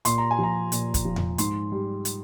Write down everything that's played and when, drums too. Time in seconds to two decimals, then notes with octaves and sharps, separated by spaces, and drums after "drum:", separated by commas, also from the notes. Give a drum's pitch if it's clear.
0.05 A#2 C6, drum: hi-hat
0.18 A#5
0.31 G#5
0.38 F3
0.43 A#5
0.72 A#2, drum: hi-hat
0.94 drum: kick, hi-hat
1.05 F3
1.16 drum: tom E2
1.38 G#2 C6, drum: hi-hat
1.72 G3
2.05 drum: hi-hat